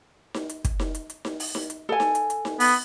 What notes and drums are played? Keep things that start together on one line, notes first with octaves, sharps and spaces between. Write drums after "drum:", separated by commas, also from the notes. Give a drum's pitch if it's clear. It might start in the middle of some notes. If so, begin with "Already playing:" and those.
drum: snare D#4
drum: hi-hat
drum: kick, hi-hat
drum: snare D#4
drum: hi-hat
drum: hi-hat
drum: snare D#4
drum: open hi-hat
drum: snare D#4
drum: hi-hat
A4 G#5
drum: snare D#4
drum: hi-hat
drum: hi-hat
drum: snare D#4
B3, drum: open hi-hat